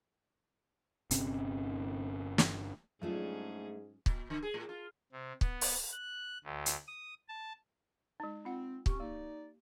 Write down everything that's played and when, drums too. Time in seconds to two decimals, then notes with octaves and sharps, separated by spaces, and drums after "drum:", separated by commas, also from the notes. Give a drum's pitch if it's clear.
1.11 G1 C3 C4 C#4, drum: hi-hat
2.38 drum: snare
3.02 G#2 F#3 G3 A3 C#4 D4 F4 G#4
4.06 A#2, drum: kick
4.30 D3
4.43 G#4
4.54 A2
4.69 F4
5.12 C3
5.41 B3, drum: kick
5.61 drum: open hi-hat
5.92 F#6
6.44 D2
6.66 drum: hi-hat
6.87 D#6
7.28 A5
8.20 G#3 D#4
8.45 C4 F4 F#5
8.86 C4 C#4 G4 C#6, drum: kick
9.00 A#3 D#4 D5